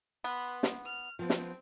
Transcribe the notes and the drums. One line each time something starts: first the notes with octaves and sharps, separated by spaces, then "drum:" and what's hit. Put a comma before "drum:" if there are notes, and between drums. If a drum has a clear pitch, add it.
B3 B4 C6
drum: snare
F6
F3 B3 C4
drum: snare